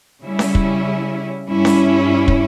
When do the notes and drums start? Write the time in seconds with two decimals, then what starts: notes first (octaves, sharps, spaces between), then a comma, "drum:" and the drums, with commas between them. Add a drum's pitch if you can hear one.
0.24 C#3 G3 C#4 E4
0.39 drum: snare C#4
0.55 drum: kick
1.49 G2 G3 C#4 E4
1.65 drum: snare C#4
2.28 drum: kick